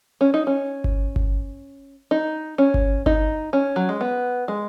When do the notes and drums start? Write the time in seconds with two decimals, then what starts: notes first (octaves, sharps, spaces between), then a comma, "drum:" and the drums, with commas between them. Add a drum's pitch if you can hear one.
0.21 C#4
0.34 D#4
0.47 C#4
0.84 drum: kick G1
1.16 drum: kick G1
2.11 D#4
2.58 C#4
2.74 drum: kick G1
3.06 D#4, drum: kick G1
3.53 C#4
3.76 F#3
3.89 G#3
4.01 B3
4.48 G#3